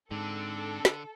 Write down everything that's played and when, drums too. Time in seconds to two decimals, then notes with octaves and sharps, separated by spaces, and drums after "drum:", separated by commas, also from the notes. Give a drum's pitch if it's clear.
0.11 G#2 D3 C4 D4 A4
0.85 drum: snare